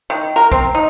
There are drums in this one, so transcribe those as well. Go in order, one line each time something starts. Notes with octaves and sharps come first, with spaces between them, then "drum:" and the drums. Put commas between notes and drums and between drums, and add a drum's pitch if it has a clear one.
D#3
A#4
C4, drum: kick
D#4